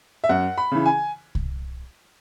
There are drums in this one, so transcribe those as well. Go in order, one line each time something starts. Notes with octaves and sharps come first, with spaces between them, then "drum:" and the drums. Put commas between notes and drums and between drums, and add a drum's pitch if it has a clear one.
E5
F#2 F#5
B5
C#3 E3
G#5
drum: kick C2